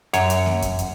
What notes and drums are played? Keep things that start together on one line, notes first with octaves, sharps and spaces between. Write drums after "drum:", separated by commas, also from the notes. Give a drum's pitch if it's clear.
F#2 C#5, drum: hi-hat
drum: hi-hat
drum: snare A#3
drum: kick F2, hi-hat
drum: hi-hat